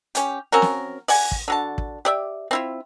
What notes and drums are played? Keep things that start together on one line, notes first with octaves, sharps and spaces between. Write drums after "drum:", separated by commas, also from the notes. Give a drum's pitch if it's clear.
C#4 G4, drum: hi-hat
C4 C#4 F#4 A#4
drum: snare
D5 F#5 G#5, drum: open hi-hat
drum: kick
D3 F#4 A5
drum: kick
G4 D5 E5
C4 E4 F4